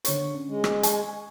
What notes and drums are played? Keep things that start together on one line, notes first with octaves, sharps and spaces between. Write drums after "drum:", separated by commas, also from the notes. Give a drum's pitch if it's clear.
D3 C#5 C#6, drum: hi-hat
C#4
G#3
drum: rim click
D#5 G#5 C#6, drum: hi-hat